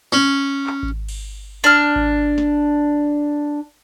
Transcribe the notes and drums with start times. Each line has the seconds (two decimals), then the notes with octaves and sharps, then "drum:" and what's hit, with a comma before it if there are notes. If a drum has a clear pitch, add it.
0.12 C#4
0.67 drum: clap
0.83 drum: kick G#1
1.08 drum: cymbal
1.64 D4 F6
1.96 drum: kick G#1
2.38 drum: snare